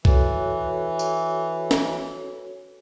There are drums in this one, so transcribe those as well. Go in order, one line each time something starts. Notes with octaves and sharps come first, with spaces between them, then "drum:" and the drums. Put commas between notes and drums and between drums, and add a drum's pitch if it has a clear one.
E3 F#4 A4 C#5, drum: kick
drum: tambourine
drum: snare